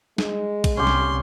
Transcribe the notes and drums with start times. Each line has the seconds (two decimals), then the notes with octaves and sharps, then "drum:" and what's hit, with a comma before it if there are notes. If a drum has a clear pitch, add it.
0.18 G#3, drum: snare
0.64 drum: kick, cymbal
0.77 C2 C#4 G4 C6
0.87 drum: snare